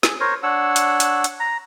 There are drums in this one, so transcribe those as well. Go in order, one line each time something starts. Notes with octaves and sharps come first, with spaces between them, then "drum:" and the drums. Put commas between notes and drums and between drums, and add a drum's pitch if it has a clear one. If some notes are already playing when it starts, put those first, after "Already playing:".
G#4, drum: snare
A#4 C5 C#5
D4 C#5 F#5 E6
drum: hi-hat
drum: hi-hat
drum: hi-hat
A#5